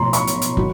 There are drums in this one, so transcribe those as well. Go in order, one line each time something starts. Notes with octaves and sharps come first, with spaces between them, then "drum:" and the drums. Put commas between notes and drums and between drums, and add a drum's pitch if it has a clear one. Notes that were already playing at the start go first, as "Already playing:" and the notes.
Already playing: B1 A2 F3 A#5 C6
B5 C#6, drum: hi-hat
drum: hi-hat
drum: hi-hat
D#3 F#3, drum: kick